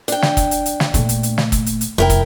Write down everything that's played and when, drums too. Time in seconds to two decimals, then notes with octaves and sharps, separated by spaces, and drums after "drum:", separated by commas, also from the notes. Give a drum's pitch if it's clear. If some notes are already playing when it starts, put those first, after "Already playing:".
0.08 D4 G5, drum: hi-hat
0.22 drum: snare
0.37 drum: kick, hi-hat
0.51 drum: hi-hat
0.66 drum: hi-hat
0.80 drum: snare
0.94 A#2 A3, drum: kick, hi-hat
1.09 drum: hi-hat
1.23 drum: hi-hat
1.38 drum: snare
1.52 drum: kick, hi-hat
1.66 drum: hi-hat
1.81 drum: hi-hat
1.98 F1 E4 A#4 G5
2.10 drum: kick, hi-hat